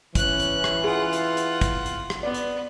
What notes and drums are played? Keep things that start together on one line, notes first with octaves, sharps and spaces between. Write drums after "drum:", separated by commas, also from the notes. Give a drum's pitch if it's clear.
E3 C#4 F#6, drum: kick, hi-hat
drum: hi-hat
drum: rim click
F4 G#4 F#5
drum: hi-hat
drum: hi-hat
drum: kick, hi-hat
drum: hi-hat
drum: rim click
B3 D5
drum: hi-hat